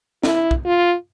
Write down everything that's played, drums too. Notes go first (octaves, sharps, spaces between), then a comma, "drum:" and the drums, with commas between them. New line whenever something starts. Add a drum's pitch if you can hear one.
E4, drum: snare
drum: kick
F4